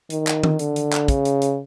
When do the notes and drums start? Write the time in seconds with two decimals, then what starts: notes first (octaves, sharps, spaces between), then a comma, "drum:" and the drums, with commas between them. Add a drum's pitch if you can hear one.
0.10 D#3, drum: hi-hat
0.27 drum: clap
0.43 drum: tom D#3
0.59 D3, drum: hi-hat
0.76 drum: hi-hat
0.93 drum: clap
1.08 C#3, drum: kick, hi-hat
1.25 drum: hi-hat
1.42 drum: hi-hat